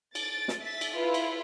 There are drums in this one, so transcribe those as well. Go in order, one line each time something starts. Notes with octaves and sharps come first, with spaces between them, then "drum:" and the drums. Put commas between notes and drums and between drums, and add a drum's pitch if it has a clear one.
A6 D7, drum: cymbal
drum: snare
E5 A6 B6
drum: cymbal
E4 F4 B4
drum: cymbal